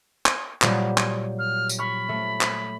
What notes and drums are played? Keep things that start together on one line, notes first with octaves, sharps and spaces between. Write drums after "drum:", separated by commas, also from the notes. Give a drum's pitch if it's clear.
drum: clap
A#2 F#3 G3, drum: clap
drum: clap
F6
drum: tambourine
B5 C#6 F6
A3
drum: clap